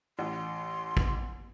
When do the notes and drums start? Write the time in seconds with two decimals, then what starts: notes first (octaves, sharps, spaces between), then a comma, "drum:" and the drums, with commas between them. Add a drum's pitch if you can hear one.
0.19 A1 C6
0.97 drum: kick A1